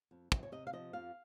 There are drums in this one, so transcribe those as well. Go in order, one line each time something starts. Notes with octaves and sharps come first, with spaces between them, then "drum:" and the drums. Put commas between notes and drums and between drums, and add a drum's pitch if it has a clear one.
F2
F2, drum: kick
C#5
C3 D#5
F5
F3 D#5
F2 F5